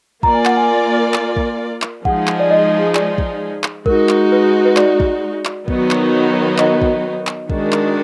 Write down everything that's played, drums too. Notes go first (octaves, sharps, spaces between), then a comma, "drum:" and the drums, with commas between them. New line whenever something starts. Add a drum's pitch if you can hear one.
A#3 F4 A#4 D5 A#5, drum: kick
G#5
F#5, drum: clap
G#5
drum: clap
drum: kick
drum: clap
F3 G#3 D#4 G#4 F#5, drum: kick
drum: clap
D5
D#5
D5, drum: clap
drum: kick
drum: clap
G#3 D#4 F#4 A#4, drum: kick
drum: clap
B4
B4
D5, drum: clap
drum: kick
drum: clap
D#3 F#3 B3 D#4 F#4, drum: kick
drum: clap
D#5, drum: clap
drum: kick
drum: clap
D#3 G#3 D4 F#4, drum: kick
drum: clap